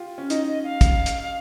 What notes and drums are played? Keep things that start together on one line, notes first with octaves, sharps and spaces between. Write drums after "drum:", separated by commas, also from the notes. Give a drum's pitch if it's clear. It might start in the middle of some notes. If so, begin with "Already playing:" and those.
Already playing: F4 G4
C#4
D#4 D#5, drum: hi-hat
D#5
F5
drum: kick, hi-hat
drum: hi-hat